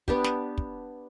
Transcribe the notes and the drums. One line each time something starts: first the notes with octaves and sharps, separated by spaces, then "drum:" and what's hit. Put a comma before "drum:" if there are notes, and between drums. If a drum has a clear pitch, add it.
B3 D4 G4, drum: kick
drum: snare
drum: kick